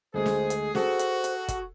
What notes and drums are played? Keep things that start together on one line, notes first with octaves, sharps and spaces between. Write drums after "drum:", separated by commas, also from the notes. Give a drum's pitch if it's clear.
D2 G#3 A3 G#4 C5
drum: snare
drum: hi-hat
F#4 G#4 A4 C5, drum: snare
drum: hi-hat
drum: hi-hat
drum: kick, hi-hat